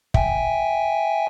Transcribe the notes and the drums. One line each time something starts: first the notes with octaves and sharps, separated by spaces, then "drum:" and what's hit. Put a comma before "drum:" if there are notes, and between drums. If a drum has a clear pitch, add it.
E5 G5 G#5, drum: kick